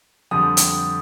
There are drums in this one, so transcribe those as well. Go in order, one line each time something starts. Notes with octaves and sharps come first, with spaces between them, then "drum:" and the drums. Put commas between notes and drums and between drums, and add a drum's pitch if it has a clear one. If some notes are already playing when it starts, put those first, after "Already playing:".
F2 D3 G3 D#6
drum: hi-hat